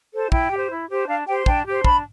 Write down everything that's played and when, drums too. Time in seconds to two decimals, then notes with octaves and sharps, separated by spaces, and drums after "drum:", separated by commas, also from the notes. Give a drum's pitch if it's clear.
0.13 A4 C5
0.32 E4 G5, drum: kick
0.51 G4 C5
0.70 E4
0.89 G4 C5
1.08 D4 F5
1.27 G4 C5 G5
1.46 D4 G5, drum: kick
1.66 G4 C5
1.84 D4 B5, drum: kick